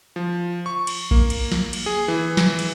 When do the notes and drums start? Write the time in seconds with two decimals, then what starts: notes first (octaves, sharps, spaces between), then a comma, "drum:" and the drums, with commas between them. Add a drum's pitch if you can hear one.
0.16 F3
0.66 C#6
0.87 drum: cymbal
1.11 A#3, drum: kick A#1
1.30 drum: cymbal
1.52 drum: snare
1.73 drum: cymbal
1.86 G#4
2.08 E3
2.37 drum: snare
2.59 drum: cymbal